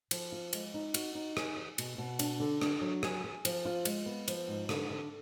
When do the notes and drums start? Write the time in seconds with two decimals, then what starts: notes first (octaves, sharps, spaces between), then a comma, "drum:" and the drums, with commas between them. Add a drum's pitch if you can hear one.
0.11 F3, drum: cymbal
0.32 F4
0.53 G#3, drum: cymbal
0.74 D#4
0.94 F#4, drum: cymbal
1.15 D#4
1.37 G#4, drum: rim click
1.57 G#4
1.78 B2, drum: cymbal
1.98 B2
2.19 D4, drum: cymbal
2.40 D3
2.61 D4, drum: rim click
2.81 F#3
3.03 G#4, drum: rim click
3.24 G#4
3.45 F3, drum: cymbal
3.65 F4
3.85 G#3, drum: cymbal
4.06 B3
4.28 F3, drum: cymbal
4.48 G#2
4.69 D3, drum: rim click
4.90 D3